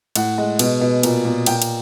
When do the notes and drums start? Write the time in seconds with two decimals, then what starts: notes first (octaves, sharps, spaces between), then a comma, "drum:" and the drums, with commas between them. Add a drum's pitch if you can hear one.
0.15 A2 F#5, drum: cymbal
0.38 G#3
0.59 B2, drum: cymbal
0.81 B2
1.03 A#2, drum: cymbal
1.25 A#2
1.46 A#2 G5, drum: cymbal
1.62 drum: cymbal